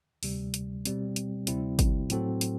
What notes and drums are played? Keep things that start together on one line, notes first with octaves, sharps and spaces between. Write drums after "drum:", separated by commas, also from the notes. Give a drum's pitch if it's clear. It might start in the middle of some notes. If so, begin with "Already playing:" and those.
D2 C3 G3, drum: open hi-hat
drum: hi-hat
B2 G3 C4, drum: hi-hat
drum: hi-hat
D2 C3 G3 C4 E4, drum: hi-hat
drum: kick, hi-hat
A2 F#3 C4 F#4 A4, drum: hi-hat
drum: hi-hat